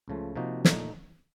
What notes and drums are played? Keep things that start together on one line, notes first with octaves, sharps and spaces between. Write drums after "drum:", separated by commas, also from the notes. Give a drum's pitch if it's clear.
C#2 C#3 F3 A3
C3 F3 A#3 D#4 F#4
A#2 A3 D#4, drum: snare